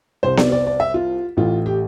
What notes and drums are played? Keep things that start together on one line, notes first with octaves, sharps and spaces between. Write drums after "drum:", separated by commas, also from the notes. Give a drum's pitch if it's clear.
C2 C3 G3 C4 C5
D5, drum: snare B3
D5
D5
E5
F4
A1 A2 E3 F4
G4